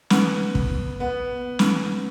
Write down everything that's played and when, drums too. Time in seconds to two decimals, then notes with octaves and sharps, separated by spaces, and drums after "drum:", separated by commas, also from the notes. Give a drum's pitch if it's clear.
0.10 B3, drum: snare
0.55 drum: kick
1.00 B3
1.59 drum: snare